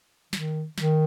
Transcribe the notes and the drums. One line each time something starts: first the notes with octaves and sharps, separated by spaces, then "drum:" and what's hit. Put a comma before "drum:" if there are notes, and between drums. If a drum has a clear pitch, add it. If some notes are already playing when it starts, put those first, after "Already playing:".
D#3, drum: snare
D#3, drum: snare